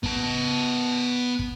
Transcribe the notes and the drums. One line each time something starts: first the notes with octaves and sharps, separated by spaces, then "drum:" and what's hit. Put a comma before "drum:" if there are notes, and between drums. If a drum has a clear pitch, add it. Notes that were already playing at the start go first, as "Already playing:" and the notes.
B3 A5, drum: kick
drum: kick